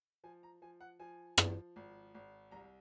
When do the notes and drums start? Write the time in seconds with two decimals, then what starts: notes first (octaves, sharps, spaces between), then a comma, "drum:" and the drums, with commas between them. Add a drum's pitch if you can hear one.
0.24 F3 G#5
0.43 A#5
0.62 F3 G#5
0.81 F#5
1.00 F3 G#5
1.38 F3, drum: rim click
1.76 G#1
2.15 G#1
2.51 C2 A#5